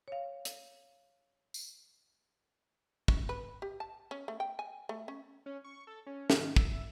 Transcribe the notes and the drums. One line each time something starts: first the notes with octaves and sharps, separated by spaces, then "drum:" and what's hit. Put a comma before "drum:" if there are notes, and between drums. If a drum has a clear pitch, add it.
C#5 F5
drum: hi-hat
drum: tambourine
C#4, drum: kick
B4
G4
A5
C#4
A3
G5
G#5
A3
C#4
C#4
C#6
A4
C#4
D#3, drum: snare
E5, drum: kick